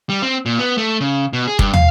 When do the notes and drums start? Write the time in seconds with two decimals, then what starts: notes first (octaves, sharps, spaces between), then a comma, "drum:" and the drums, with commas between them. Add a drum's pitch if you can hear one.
0.09 G3
0.22 C4
0.46 A#2
0.59 B3
0.78 A3
1.01 C#3
1.33 B2
1.47 G#4
1.59 G2, drum: kick
1.74 F5, drum: tom